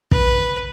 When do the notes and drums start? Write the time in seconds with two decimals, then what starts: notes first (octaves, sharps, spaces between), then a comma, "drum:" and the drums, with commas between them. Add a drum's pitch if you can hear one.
0.11 B4, drum: kick